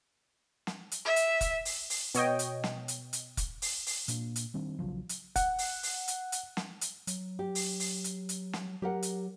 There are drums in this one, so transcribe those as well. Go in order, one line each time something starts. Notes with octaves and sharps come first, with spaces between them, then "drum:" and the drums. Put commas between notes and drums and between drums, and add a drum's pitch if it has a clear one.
drum: snare
drum: hi-hat
E5
drum: hi-hat
drum: kick, hi-hat
drum: open hi-hat
drum: open hi-hat
B2 C#5 D#5 G5, drum: hi-hat
drum: hi-hat
drum: snare
drum: hi-hat
drum: hi-hat
drum: kick, hi-hat
drum: open hi-hat
drum: open hi-hat
A#2 A#3 D4, drum: hi-hat
drum: hi-hat
D#3 G3 C4 D4
A#1 C#3 F3 F#3
drum: hi-hat
F#5, drum: kick, hi-hat
drum: open hi-hat
drum: open hi-hat
drum: hi-hat
drum: hi-hat
drum: snare
drum: hi-hat
F#3, drum: hi-hat
G4
drum: open hi-hat
drum: open hi-hat
drum: hi-hat
drum: hi-hat
drum: snare
F#3 G4 A#4 F#5
drum: hi-hat